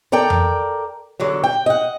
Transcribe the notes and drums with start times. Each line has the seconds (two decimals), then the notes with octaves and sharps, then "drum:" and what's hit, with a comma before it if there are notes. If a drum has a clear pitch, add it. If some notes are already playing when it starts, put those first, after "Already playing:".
0.12 A4 A#4 D5 G5
0.30 drum: tom F2
1.20 E2 D3 F#3
1.44 G5
1.66 D#5 F#5